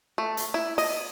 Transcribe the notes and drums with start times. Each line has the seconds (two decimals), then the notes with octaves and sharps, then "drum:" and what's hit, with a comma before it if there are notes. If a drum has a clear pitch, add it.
0.18 A3
0.37 drum: hi-hat
0.54 E4
0.78 D#5, drum: open hi-hat